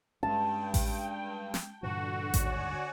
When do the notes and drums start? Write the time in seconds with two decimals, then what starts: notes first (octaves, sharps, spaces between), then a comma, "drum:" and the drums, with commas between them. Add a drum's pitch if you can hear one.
0.23 G2 G#3 A3 C#4 G5 A5
0.74 drum: kick A1, open hi-hat
1.54 drum: snare
1.83 G2 A#2 D3 E3 F#4
2.34 G1 D#2 G#2 C#5 D5 G#5, drum: kick A1, hi-hat